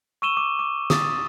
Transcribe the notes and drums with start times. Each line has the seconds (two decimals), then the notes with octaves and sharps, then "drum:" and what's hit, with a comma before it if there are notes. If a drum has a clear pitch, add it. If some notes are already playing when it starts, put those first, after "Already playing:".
0.22 C#6 E6 D#7 E7 G7
0.37 D6
0.59 D6
0.90 D#6 A6, drum: snare